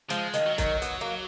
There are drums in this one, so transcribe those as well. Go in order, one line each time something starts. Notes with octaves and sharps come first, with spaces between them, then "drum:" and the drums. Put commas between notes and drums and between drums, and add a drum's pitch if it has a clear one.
F3 G#3, drum: hi-hat
D#3, drum: hi-hat
F#3
D#3, drum: kick, hi-hat
B3, drum: hi-hat
A#3